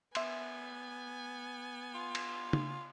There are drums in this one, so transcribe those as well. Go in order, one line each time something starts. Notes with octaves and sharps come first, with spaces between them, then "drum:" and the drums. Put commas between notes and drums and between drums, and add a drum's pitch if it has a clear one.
B3 E5 G#5 C6, drum: cymbal
F4
drum: cymbal
drum: tom